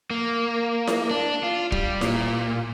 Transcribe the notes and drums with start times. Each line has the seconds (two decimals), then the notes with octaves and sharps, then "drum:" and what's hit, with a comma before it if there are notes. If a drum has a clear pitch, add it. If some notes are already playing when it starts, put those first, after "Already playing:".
0.11 A#3
0.87 drum: snare E4
1.11 D4
1.43 F4
1.72 G3, drum: kick
2.01 A#2, drum: snare E4